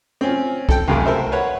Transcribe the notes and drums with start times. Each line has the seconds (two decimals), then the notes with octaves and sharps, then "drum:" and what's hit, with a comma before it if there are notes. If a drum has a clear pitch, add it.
0.21 C4 C#4 F4
0.69 A4 G5, drum: kick
0.88 C#2 F#2 C3 A3
1.05 A4 A#4 C5 E5
1.32 B4 C#5 F#5